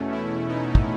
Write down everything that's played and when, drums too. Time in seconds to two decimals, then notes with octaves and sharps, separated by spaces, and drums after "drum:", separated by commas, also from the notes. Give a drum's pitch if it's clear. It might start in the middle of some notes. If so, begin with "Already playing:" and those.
Already playing: E2 B2 A3 C#4
0.12 C#4 E4
0.49 B3 D#4
0.75 drum: kick